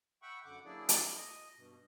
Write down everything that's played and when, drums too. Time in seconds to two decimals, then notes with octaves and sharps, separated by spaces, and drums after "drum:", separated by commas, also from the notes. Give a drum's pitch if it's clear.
0.22 E5 F#5 G5 B5 C#6
0.45 F#2 D3 F#5 D6
0.65 F#3 A#3 D4 E4 G#4 D5
0.89 drum: hi-hat
1.17 D#5
1.57 G2 B2